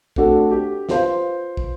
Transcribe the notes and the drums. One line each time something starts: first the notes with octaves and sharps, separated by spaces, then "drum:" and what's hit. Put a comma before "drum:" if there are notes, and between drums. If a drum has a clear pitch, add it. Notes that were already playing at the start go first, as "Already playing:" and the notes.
A3 C4 D4 F#4 A4, drum: kick
G4
F4 B4 C5 F5, drum: snare
drum: kick